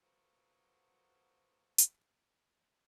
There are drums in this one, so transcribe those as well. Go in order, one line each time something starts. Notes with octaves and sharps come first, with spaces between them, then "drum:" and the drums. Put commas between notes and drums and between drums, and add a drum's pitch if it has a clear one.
F#3 A3 B3 F4 A#4 C5
drum: hi-hat